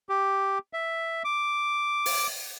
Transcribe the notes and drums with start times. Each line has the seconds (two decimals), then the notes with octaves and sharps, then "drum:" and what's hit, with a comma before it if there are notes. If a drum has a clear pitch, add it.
0.09 G4
0.73 E5
1.24 D6
2.06 drum: open hi-hat